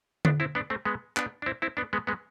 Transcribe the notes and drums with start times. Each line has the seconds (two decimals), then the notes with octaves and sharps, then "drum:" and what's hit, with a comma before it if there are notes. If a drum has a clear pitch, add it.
0.25 B3 D4, drum: tom D3
0.40 C4 E4
0.55 B3 D4
0.70 A3 C4
0.85 G#3 B3
1.17 B3 D4, drum: clap
1.42 D4
1.46 C4 E4
1.62 C4 E4
1.77 B3 D4
1.93 G#3 B3
2.07 G#3 B3